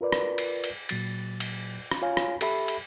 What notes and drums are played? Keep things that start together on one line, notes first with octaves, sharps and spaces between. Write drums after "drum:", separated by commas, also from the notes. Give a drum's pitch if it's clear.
F4 A#4 B4 D5
drum: rim click
drum: cymbal
drum: cymbal
A#2 F#3 A6, drum: cymbal
drum: cymbal
drum: rim click
F4 C#5 F5 G#5
drum: rim click
G4 A4 E5 B5, drum: cymbal
drum: cymbal